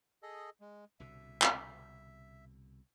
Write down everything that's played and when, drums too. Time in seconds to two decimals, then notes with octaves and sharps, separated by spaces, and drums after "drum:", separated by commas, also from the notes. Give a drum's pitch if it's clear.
0.23 G#4 A4 D#5
0.61 G#3
1.00 C2 B2 D3 E5
1.42 drum: clap